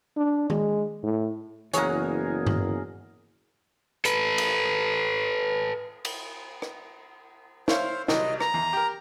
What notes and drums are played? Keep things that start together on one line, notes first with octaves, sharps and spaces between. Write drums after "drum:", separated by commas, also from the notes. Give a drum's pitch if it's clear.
D4
G#3, drum: tom D#3
A2
F#1 E3 B3 G#4 A#4 C#5 F#5, drum: hi-hat
drum: tom G2
A4 B4, drum: hi-hat
drum: cymbal
drum: cymbal
drum: rim click
E4 C5 C#5 F5, drum: snare
C2 F#3 G3 D#5, drum: snare
A#5, drum: rim click
E2
G4 A#4